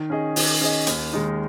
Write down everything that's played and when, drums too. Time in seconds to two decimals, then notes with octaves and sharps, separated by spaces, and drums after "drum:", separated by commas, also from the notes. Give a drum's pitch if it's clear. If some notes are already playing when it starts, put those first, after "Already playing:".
Already playing: D#3
0.10 C#4 G#4 D#5
0.36 D#3, drum: open hi-hat
0.61 C#4 G#4 D#5
0.87 D#2, drum: hi-hat
1.13 D#3 G#3 D#4